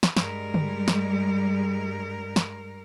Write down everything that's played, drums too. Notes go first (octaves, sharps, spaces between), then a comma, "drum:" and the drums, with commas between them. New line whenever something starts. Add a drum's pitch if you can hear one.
drum: snare
G2 G3 G#3 A#4, drum: snare
drum: tom
drum: snare
drum: snare